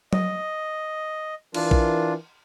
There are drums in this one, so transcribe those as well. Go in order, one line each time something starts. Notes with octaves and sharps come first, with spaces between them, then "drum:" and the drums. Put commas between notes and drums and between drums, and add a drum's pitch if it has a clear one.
D#5, drum: tom F#3
E3 D4 F4 A#4, drum: cymbal
drum: kick A#1